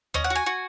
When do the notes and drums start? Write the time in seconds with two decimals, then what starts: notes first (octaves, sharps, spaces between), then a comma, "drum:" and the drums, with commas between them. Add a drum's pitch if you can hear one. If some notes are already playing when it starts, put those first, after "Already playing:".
0.14 C#4 D#5, drum: tom D#2
0.24 F#5
0.30 F#4
0.36 G#5
0.46 F#4